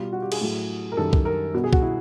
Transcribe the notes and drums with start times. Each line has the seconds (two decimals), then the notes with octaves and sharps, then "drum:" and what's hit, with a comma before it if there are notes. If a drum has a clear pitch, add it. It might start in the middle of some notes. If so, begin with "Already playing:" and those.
Already playing: B2 G3 F4
0.12 F#4
0.22 G4
0.32 G#4, drum: cymbal
0.41 A2 F#3
0.92 A#4
0.97 F#2 D#3 G3 A4
1.13 drum: kick
1.25 A#4
1.54 B2 G3
1.64 G#4
1.73 F#4, drum: kick
1.82 E4